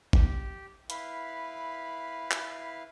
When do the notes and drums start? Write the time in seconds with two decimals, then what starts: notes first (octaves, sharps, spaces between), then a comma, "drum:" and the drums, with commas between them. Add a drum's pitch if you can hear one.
0.13 G4, drum: kick G#1
0.90 E4 B4 F5 B5, drum: hi-hat
2.31 drum: clap